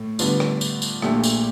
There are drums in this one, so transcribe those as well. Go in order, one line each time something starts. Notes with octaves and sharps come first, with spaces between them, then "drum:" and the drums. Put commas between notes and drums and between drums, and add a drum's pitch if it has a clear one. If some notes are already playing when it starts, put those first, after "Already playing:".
Already playing: A2
D3 G3 B3 D4 F4, drum: tambourine
drum: rim click
drum: tambourine
drum: tambourine
A#1 A#2 A3 D4 G4, drum: rim click
drum: tambourine